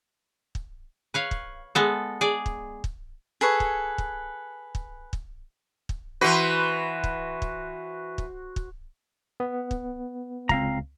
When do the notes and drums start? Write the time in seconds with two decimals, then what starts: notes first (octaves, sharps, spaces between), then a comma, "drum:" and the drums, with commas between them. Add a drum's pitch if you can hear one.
0.55 drum: kick
1.14 B4 C#5 F5
1.31 drum: kick
1.75 G#3 B3 A4
2.21 G#4 D5
2.46 drum: kick
2.84 drum: kick
3.41 G#4 A4 B4 C#5
3.60 drum: kick
3.98 drum: kick
4.75 drum: kick
5.13 drum: kick
5.89 drum: kick
6.21 E3 F#4 B4 C5 C6
7.04 drum: kick
7.42 drum: kick
8.18 drum: kick
8.56 drum: kick
9.40 B3
9.71 drum: kick
10.49 C#2 C4 F5 A#5, drum: kick